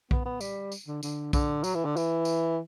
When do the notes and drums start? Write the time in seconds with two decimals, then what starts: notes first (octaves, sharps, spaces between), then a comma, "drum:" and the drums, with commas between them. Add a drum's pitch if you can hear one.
0.11 B3, drum: kick B1
0.25 B3
0.41 G3, drum: tambourine
0.72 drum: tambourine
0.88 D3
1.03 D3, drum: tambourine
1.33 D3, drum: kick B1, tambourine
1.64 F#3, drum: tambourine
1.75 E3
1.85 D3
1.97 E3, drum: tambourine
2.25 drum: tambourine